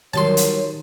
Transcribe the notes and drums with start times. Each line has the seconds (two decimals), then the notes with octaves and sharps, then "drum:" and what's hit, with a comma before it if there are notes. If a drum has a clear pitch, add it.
0.14 D#3 F#3 G3 C#5 A5 C6
0.37 drum: hi-hat